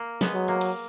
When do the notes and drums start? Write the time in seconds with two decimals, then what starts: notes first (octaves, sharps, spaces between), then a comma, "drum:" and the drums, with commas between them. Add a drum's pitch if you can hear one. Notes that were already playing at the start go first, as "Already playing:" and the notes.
Already playing: A#3
0.21 G#3 B3, drum: snare
0.34 F#3
0.48 A#3
0.61 drum: cymbal